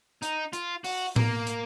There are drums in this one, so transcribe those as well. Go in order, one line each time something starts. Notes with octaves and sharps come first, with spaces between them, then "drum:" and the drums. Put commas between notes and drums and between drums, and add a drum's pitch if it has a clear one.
D#4, drum: hi-hat
F4, drum: hi-hat
F#4, drum: open hi-hat
A#3, drum: tom A2
drum: hi-hat